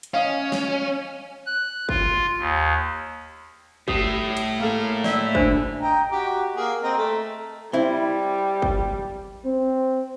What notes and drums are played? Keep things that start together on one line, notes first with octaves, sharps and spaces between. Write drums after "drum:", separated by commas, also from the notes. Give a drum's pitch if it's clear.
drum: hi-hat
C#4 D#5 F5
drum: snare
F#6
F4, drum: kick
D#2
A2 G3 D#6 F7, drum: kick
drum: cymbal
A#3 A4 F5
D5 E5, drum: snare
D4 C5, drum: kick
D#5 G5 A#5
F#4 G4
A#3 G#4
C4 D#5 A#5
A3
G3 C4 E4
drum: kick
C4